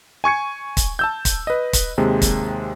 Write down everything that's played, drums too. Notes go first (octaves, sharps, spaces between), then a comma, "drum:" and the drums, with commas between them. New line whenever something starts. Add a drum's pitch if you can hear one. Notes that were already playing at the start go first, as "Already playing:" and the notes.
G#5 C#6 G#6 C#7
drum: kick, hi-hat
A5 E6 G6
drum: kick, hi-hat
B4 D#5
drum: kick, hi-hat
D#2 C3 G#3
drum: kick, hi-hat